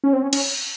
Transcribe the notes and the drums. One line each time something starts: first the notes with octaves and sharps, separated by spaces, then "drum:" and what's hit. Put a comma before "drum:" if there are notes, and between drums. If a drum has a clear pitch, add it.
C#4
C4
C#4
C#4, drum: cymbal